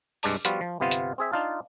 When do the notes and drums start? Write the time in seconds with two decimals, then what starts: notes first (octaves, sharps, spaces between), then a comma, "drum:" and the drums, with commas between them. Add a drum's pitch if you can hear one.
0.23 C2 G2 G#3 D5 A5, drum: open hi-hat
0.45 F3 G3 B3 F4 F#4 B4, drum: hi-hat
0.61 F3
0.80 G1 C3 B3 F4 F5
0.91 drum: hi-hat
1.18 C4 G#4 E5
1.32 D4 D#4 F4 F5 A5